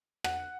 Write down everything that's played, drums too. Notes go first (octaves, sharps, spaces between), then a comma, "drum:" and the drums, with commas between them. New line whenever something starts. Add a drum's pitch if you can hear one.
F#5, drum: rim click